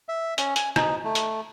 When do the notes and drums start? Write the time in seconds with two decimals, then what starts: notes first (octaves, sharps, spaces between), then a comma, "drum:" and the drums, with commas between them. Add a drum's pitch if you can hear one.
0.09 E5
0.38 C#4, drum: hi-hat
0.56 G#5, drum: hi-hat
0.76 D#4, drum: rim click
1.04 A3
1.15 drum: hi-hat